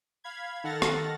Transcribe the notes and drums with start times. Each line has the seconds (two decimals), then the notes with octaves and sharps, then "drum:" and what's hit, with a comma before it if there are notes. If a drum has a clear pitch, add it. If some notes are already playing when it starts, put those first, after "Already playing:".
0.24 F5 B5 G#6
0.64 D#3 A4 F#5 F6 A6 A#6
0.82 drum: rim click